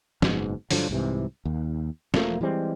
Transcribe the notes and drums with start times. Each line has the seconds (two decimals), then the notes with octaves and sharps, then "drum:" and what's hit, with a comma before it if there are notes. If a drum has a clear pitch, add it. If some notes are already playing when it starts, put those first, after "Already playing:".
0.22 F#1 G#2 B2, drum: snare
0.71 G2 D3 F3 F#3, drum: open hi-hat
0.89 C2 G#2 C3 E3
1.45 D#2
2.14 E1 F3 A3 A#3, drum: snare
2.41 E3 G3 G#3 C4